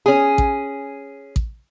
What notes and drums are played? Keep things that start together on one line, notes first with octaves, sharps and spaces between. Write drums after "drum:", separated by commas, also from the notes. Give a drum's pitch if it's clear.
C#4 G#4
drum: kick A1
drum: kick A1